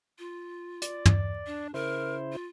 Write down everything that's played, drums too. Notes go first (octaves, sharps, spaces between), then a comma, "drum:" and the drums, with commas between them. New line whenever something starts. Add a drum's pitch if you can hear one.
F4
D5, drum: hi-hat
drum: tom
D4
C#3 E4 A#4 C5
F4